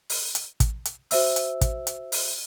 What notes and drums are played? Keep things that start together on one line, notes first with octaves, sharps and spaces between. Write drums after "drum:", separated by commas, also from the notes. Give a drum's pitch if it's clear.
drum: open hi-hat
drum: hi-hat
drum: kick, hi-hat
drum: hi-hat
F#4 C5 E5 E6, drum: open hi-hat
drum: hi-hat
drum: kick, hi-hat
drum: hi-hat
drum: open hi-hat